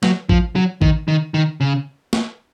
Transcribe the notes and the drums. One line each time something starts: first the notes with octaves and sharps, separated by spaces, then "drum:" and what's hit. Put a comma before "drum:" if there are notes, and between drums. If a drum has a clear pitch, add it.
F#3, drum: snare
F3, drum: kick
F#3
D#3, drum: kick
D#3
D#3
C#3
drum: snare